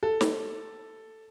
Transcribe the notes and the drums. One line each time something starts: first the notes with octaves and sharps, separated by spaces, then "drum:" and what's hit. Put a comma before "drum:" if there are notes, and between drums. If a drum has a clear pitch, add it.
A4
drum: snare